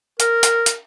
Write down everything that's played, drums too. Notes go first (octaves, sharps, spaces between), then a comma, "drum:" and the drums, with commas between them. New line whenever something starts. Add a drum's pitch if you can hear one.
A#4, drum: hi-hat
drum: hi-hat
drum: hi-hat